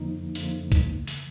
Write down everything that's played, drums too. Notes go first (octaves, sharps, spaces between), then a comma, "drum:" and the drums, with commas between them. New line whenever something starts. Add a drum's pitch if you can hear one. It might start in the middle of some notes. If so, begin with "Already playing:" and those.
Already playing: F2 D3 F3 A#3 D#4
F2 D3 F3 A#3 D#4, drum: open hi-hat
drum: kick, hi-hat
C#3 E3 A3
drum: open hi-hat